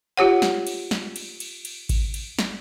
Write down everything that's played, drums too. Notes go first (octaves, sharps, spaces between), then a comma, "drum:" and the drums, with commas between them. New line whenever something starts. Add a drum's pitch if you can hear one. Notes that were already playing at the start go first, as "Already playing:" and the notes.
F4 G4 C#5 F#5
drum: snare
drum: cymbal
drum: snare
drum: cymbal
drum: cymbal
drum: cymbal
drum: kick G#1, cymbal
drum: cymbal
drum: snare